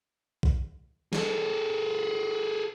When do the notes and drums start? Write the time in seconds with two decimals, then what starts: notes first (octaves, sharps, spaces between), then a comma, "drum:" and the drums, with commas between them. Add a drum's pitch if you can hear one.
0.43 drum: kick B1
1.13 G#4 A4, drum: snare